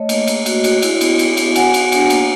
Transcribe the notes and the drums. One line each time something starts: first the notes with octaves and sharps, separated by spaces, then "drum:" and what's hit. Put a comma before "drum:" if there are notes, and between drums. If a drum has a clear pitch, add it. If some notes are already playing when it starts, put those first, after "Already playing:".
Already playing: A3 C#5 D#5
A#3, drum: cymbal
A#3, drum: cymbal
F#4, drum: cymbal
F#4, drum: cymbal
E4, drum: cymbal
B3, drum: cymbal
B3, drum: cymbal
B3, drum: cymbal
F#4 F#5 G#5, drum: cymbal
F#4, drum: cymbal
D4, drum: cymbal
A#3, drum: cymbal